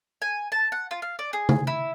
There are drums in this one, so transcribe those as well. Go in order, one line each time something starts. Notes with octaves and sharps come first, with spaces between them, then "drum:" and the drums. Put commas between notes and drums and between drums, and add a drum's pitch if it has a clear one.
G#5
A5
F#5
F4
F5
D5
G#4
drum: tom C#3
E4